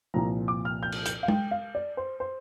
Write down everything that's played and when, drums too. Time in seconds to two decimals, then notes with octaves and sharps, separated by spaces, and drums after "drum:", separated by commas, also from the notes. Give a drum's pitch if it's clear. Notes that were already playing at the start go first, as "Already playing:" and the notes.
0.14 C2 A#2 F3 A#5
0.48 D6
0.65 F6
0.83 G6
0.92 drum: cymbal
1.06 G6, drum: hi-hat
1.23 F5
1.28 G5, drum: tom G#3
1.51 F5
1.75 D5
1.97 C5
2.20 C5